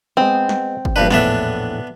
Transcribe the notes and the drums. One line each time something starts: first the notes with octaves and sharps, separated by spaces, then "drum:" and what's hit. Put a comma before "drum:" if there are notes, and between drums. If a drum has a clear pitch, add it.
G#3 B3 C4
drum: snare
drum: kick
A#1 G2 D4 B4
A#1 E2 A2 B3 D4 E5, drum: snare